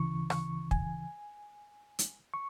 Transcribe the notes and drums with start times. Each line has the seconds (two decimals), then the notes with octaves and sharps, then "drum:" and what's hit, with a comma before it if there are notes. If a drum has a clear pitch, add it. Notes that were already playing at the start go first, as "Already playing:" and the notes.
Already playing: D2 C#3 E3 C#6
0.30 C#6, drum: rim click
0.71 G#5, drum: kick
1.99 drum: hi-hat
2.34 C#6